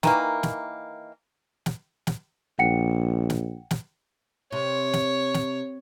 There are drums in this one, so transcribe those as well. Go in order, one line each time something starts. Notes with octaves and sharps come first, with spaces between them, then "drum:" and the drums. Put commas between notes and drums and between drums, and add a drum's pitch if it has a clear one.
D#3 E3 A#3, drum: snare
drum: snare
drum: snare
drum: snare
A#1 F#5 G5 C#7
drum: snare
drum: snare
C3 C#5
drum: snare
drum: snare